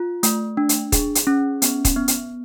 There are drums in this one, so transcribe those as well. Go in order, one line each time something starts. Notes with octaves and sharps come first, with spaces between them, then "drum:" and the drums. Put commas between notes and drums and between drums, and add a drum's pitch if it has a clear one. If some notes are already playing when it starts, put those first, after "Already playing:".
Already playing: F4
A3, drum: hi-hat
D4
drum: hi-hat
G#4, drum: kick, hi-hat
drum: hi-hat
C#4
B3, drum: hi-hat
drum: kick, hi-hat
B3
drum: hi-hat